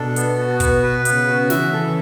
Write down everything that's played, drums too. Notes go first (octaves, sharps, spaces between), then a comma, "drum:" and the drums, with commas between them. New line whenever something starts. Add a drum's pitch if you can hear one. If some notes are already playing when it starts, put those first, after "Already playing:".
Already playing: B2 D4 A4
B3, drum: hi-hat
F#4
B2 B3, drum: kick, hi-hat
B4
C#3 B3, drum: hi-hat
F#4
C#3 E3 E5, drum: snare
A4